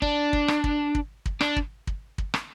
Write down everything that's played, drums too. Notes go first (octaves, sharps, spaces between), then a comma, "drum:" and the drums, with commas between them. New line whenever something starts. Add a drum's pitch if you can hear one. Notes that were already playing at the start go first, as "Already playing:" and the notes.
D4, drum: kick
drum: kick
drum: rim click
drum: kick
drum: kick
drum: kick
D4, drum: rim click
drum: kick
drum: kick
drum: kick
drum: rim click